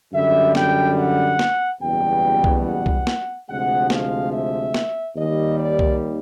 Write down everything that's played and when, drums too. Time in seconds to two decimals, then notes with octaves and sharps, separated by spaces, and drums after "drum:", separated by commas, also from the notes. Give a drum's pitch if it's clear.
0.14 F#2 D3 G3 E5
0.55 G5, drum: snare
0.97 F#5
1.39 drum: snare
1.81 F#1 E2 B2 G3 G5
2.44 drum: kick C2
2.64 F#5
2.86 drum: kick C2
3.07 drum: snare
3.49 D2 C3 F3 G#3 F#5
3.90 F5, drum: snare
4.32 E5
4.74 drum: snare
5.16 D#2 D#3 G3 D#5
5.58 D5
5.79 drum: kick C2